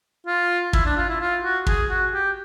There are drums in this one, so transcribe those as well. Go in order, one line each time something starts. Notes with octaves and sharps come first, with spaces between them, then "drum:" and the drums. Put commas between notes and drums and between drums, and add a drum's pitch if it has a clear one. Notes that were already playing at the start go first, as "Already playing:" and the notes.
F4
E4, drum: kick
D4
F4
E4
F4
F#4
G#4, drum: kick
F#4
G4